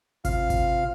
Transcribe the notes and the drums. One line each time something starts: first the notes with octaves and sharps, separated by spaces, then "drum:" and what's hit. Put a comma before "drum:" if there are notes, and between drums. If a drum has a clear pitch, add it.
C3 F4 F5, drum: kick G#1, hi-hat
drum: kick G#1, hi-hat